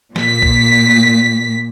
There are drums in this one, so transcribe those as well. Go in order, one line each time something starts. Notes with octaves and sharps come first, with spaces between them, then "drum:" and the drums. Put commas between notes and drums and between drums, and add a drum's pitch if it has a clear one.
A#2 B6, drum: snare
drum: kick